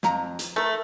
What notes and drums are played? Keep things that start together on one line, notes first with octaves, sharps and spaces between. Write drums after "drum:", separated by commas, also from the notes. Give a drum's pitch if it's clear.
F2 A#5, drum: snare
drum: hi-hat
A3 A4 A#4